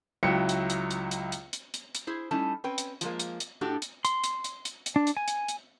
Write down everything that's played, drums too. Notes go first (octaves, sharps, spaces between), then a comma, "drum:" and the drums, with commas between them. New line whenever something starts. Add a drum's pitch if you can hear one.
C#2 F#3 E4 E5 G5 C#7
drum: hi-hat
drum: hi-hat
drum: hi-hat
drum: hi-hat
drum: hi-hat
drum: hi-hat
drum: hi-hat
drum: hi-hat
E4 G#4 C5
G3 A3 C#4 D#4 E4 A5
C4 C#4 B4 G5
drum: hi-hat
F3 G#3 A#3, drum: hi-hat
drum: hi-hat
drum: hi-hat
A2 D4 F#4 G4 A4
drum: hi-hat
C6, drum: hi-hat
drum: hi-hat
drum: hi-hat
drum: hi-hat
drum: hi-hat
D4
drum: hi-hat
G#5
drum: hi-hat
drum: hi-hat